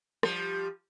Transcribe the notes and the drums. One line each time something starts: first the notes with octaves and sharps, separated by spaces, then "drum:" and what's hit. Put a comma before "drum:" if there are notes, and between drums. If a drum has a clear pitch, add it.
F3 G3, drum: rim click